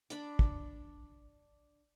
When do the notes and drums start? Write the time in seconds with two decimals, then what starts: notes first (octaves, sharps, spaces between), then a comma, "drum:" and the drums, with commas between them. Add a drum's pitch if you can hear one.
0.10 D4 B5 D6, drum: hi-hat
0.39 drum: kick